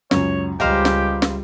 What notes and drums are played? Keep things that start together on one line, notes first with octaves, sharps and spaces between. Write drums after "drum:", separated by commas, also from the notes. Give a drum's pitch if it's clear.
C#2 F#2 C#5, drum: snare
C#2 G3 G4 C5 D#5 F5 G5 A#5
drum: snare
drum: snare